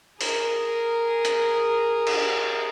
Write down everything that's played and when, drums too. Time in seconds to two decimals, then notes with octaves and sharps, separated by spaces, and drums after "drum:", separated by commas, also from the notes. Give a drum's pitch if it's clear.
0.21 G#4 A#4, drum: open hi-hat
1.25 drum: hi-hat
2.07 drum: cymbal